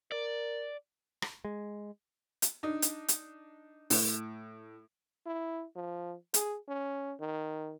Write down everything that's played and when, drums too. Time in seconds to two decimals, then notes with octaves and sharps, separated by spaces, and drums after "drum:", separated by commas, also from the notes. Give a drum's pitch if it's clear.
0.12 A#4 D5
1.22 drum: rim click
1.45 G#3
2.42 drum: hi-hat
2.63 D4 D#4
2.82 drum: hi-hat
3.08 drum: hi-hat
3.90 A2, drum: open hi-hat
5.26 E4
5.76 F3
6.34 G#4, drum: hi-hat
6.68 C#4
7.20 D#3